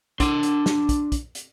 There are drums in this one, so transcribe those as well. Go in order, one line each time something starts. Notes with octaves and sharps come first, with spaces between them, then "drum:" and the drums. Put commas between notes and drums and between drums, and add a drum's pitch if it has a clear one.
D4 C6, drum: kick, hi-hat
drum: hi-hat
drum: snare
drum: kick, hi-hat
drum: kick, hi-hat
drum: hi-hat